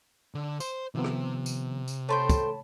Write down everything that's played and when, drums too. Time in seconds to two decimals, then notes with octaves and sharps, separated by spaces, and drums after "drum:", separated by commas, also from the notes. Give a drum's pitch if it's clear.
0.35 D3
0.60 C5, drum: tambourine
0.95 C3 D#3 F3 B3
1.04 drum: rim click
1.46 drum: tambourine
1.88 drum: tambourine
2.09 A3 C5 C#5 G5 A5 B5
2.29 drum: kick, tambourine